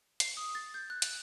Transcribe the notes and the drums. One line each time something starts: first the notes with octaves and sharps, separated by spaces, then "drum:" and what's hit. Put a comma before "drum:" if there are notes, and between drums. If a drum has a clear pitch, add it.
C7, drum: hi-hat
D#6
A6
G6
F#6
drum: hi-hat